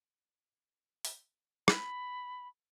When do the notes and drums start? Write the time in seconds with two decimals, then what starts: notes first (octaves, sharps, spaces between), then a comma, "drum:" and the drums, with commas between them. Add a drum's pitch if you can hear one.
1.05 drum: open hi-hat
1.68 B5, drum: rim click